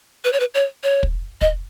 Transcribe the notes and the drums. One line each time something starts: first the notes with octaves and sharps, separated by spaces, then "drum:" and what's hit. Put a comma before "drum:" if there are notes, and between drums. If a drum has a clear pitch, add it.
B4
C#5
B4
C#5
C#5
drum: kick
D#5, drum: kick